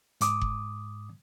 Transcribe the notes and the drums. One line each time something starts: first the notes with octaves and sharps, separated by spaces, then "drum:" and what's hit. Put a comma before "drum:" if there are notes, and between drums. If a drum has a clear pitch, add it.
G#2 D6 D#6, drum: hi-hat
drum: kick F#1